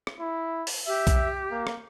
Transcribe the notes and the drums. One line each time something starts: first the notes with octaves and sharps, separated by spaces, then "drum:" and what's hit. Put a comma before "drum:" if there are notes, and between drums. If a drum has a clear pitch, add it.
drum: rim click
E4
drum: open hi-hat
G4 E5
drum: kick B1, hi-hat
A#3
drum: rim click